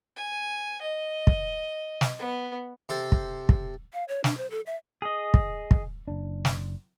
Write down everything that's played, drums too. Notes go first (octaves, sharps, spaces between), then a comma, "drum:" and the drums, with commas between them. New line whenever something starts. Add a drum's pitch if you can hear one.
G#5
D#5
drum: kick
drum: snare
B3
C3 A4 C5
drum: kick
drum: kick
F5
C#5
D4, drum: snare
C5
A4
E5
G#4 D#5
drum: kick
drum: kick
F#1 D4
drum: snare